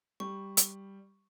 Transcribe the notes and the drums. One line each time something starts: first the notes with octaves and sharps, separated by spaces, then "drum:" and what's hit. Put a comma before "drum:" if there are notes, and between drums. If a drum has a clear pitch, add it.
G3 C#6
drum: hi-hat